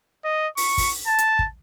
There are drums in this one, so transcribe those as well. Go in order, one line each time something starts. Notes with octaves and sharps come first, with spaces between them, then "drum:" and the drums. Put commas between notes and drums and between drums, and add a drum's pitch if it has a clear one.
D#5
C#6, drum: open hi-hat
drum: kick, open hi-hat
A5
drum: hi-hat
drum: kick